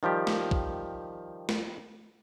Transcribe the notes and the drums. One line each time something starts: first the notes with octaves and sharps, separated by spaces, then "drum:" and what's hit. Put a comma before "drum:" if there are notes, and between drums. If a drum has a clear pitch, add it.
D#3 F3 G3 G4
drum: snare
drum: kick
drum: snare